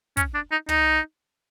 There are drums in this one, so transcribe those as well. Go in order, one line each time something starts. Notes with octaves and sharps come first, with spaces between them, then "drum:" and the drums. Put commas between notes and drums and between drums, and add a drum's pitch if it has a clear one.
C#4, drum: kick, hi-hat
D4
D#4
D#4, drum: tom